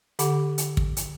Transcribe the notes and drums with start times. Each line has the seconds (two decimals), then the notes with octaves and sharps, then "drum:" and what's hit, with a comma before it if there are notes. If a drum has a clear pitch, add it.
0.19 D3 G4 F#5 B5 D6, drum: hi-hat
0.58 drum: hi-hat
0.77 drum: kick
0.97 drum: hi-hat